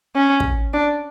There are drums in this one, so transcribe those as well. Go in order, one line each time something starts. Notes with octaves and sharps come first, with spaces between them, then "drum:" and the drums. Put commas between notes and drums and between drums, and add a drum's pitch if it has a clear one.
C#4
drum: kick
D4